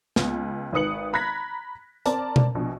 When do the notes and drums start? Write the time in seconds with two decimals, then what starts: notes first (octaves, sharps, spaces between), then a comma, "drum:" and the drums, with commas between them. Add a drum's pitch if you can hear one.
0.16 C#2 B3, drum: snare
0.72 G#1 D#3 B4 D#6 C#7 F#7
1.13 A#5 B5 F#6 G#6 A#6 B6
2.06 C4 A#4 D5 A5, drum: hi-hat
2.36 drum: tom B2
2.55 A#1 B2